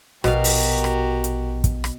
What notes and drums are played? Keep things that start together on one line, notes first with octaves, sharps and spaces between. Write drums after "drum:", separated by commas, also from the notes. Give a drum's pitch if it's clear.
A#1 B2 F#4 G4 A#4 F5, drum: rim click
drum: open hi-hat
drum: rim click
drum: hi-hat
drum: kick, hi-hat
drum: rim click